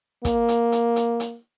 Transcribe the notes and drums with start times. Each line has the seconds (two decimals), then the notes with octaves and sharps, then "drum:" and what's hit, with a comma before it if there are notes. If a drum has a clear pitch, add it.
0.25 A#3, drum: kick, hi-hat
0.48 drum: hi-hat
0.72 drum: hi-hat
0.96 drum: hi-hat
1.20 drum: hi-hat